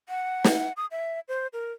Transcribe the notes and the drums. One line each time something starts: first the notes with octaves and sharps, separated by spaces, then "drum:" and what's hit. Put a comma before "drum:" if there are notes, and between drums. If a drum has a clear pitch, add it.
F#5
drum: snare
D#6
E5
C5
A#4